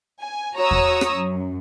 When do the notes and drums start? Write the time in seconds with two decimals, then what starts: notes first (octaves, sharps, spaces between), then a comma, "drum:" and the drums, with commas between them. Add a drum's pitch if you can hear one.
0.20 G#5
0.56 F#4 C#5 A#5 C#6 D#6 E6
0.71 drum: kick E2
1.01 drum: rim click
1.15 F#2